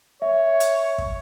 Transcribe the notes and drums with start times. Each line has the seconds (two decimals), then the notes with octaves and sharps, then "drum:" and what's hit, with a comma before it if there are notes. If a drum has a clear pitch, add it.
0.22 C#5 E5
0.60 drum: hi-hat
0.98 drum: kick